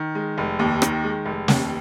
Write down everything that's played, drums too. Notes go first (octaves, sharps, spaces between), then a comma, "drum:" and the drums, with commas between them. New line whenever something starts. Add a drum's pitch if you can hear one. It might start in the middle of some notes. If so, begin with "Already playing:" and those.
Already playing: D#3
G#3
F1
D#2
D#3, drum: rim click
G#3
F1
D#2, drum: snare